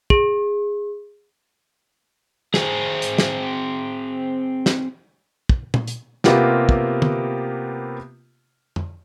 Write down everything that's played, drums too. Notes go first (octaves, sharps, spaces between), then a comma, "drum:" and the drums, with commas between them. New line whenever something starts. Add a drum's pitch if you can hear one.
G#4, drum: kick
C4 G#4, drum: snare
drum: hi-hat
drum: snare
drum: snare
drum: kick
drum: tom
drum: hi-hat
C3 A#3 B3 F4 G4, drum: snare
drum: kick
drum: tom
drum: tom F2